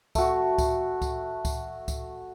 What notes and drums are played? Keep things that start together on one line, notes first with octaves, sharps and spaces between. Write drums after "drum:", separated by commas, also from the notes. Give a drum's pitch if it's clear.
A3 F#4, drum: kick C#2, tambourine
drum: kick C#2, tambourine
drum: kick C#2, tambourine
drum: kick C#2, tambourine
drum: kick C#2, tambourine